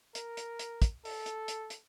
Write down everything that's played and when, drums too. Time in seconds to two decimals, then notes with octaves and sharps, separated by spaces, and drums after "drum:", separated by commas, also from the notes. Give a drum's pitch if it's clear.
0.15 A#4, drum: hi-hat
0.37 drum: hi-hat
0.59 drum: hi-hat
0.82 drum: kick, hi-hat
1.05 A4, drum: open hi-hat
1.26 drum: hi-hat
1.48 drum: hi-hat
1.70 drum: hi-hat